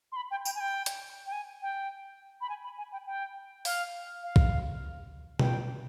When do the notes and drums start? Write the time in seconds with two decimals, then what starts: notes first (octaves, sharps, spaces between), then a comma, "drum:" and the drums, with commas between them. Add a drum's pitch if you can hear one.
0.12 C6
0.16 B5
0.31 G5
0.45 G5, drum: tambourine
0.55 G#5
0.60 G5
0.86 drum: hi-hat
1.27 G5
1.32 G#5
1.62 G5
2.41 B5
2.49 G#5
2.64 B5
2.78 G#5
2.92 G5
3.07 G5
3.65 F5, drum: open hi-hat
4.23 F5
4.36 drum: kick
5.39 G5, drum: tom B2